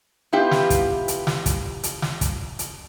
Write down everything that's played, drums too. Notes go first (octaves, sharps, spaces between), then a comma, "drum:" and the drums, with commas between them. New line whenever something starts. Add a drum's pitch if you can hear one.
B3 E4 F4 G4
drum: snare
drum: kick, hi-hat
drum: hi-hat
drum: snare
drum: kick, hi-hat
drum: hi-hat
drum: snare
drum: kick, hi-hat
drum: hi-hat